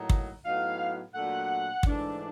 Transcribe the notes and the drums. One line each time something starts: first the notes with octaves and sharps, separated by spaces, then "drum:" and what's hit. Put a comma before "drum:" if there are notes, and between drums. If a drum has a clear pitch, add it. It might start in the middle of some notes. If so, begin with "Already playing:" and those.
Already playing: A2 F#3 A#3 D#4
drum: kick
A2 F#3 B3 D#4 F5
A#2 F#3 A3 D4 F#5
G#2 E3 A3 D4, drum: kick